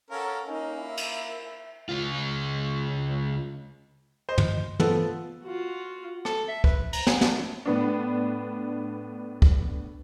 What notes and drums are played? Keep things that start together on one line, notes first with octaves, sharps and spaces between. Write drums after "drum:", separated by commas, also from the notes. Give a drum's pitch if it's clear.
C#4 A4 A#4 F5 F#5
A#3 C#4 D#4
E4 E5
drum: cymbal
C#2 F4
C5 D#5
drum: tom
F3 B3 A4, drum: tom
F4 F#4
A4, drum: rim click
E5
B4, drum: kick
A#5, drum: cymbal
G#5, drum: snare
D4, drum: snare
A2 B3 D4
drum: kick